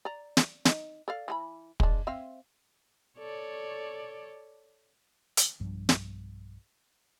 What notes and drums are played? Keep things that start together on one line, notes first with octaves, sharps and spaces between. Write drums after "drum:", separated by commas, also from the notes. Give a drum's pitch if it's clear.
D5 A#5
drum: snare
D#4, drum: snare
A4 D5 F5
E3 G#4 B5
G#3 D4, drum: kick
C4 E5 F5
A4 C#5 D5
drum: hi-hat
B1 G2 F3 G3
drum: snare